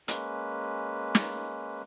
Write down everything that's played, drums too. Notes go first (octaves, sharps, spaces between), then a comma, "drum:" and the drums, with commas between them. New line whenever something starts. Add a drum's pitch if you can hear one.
G#3 A#3 C#4 B4, drum: hi-hat
drum: snare